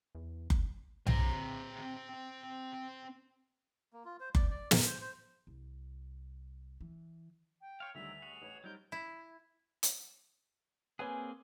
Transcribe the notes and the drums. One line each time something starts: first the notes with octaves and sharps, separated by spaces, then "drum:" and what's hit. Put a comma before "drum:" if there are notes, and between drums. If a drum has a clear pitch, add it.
E2
drum: kick F#1
C4 A#5, drum: tom B1
A#3
F4
C5
D5, drum: kick F#1
D5
A#4, drum: snare
C5
C5
C2
E3
G5
C#5 F5 C6
D2 D3 D#3 F#3 G3 E5 E6 F7
F#4 G#4
A1 C#5
F#3 G3 D#4 A#4 C5 G6
E4
drum: hi-hat
A#3 C4 G#4 B4 C#5 G#5